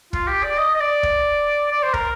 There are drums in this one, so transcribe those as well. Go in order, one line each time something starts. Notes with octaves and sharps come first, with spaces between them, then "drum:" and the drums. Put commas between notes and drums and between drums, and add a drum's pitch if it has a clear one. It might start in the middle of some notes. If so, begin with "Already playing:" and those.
F4, drum: kick
G4
D5
D#5
D#5
D5
drum: kick
D5
C5
A#4, drum: kick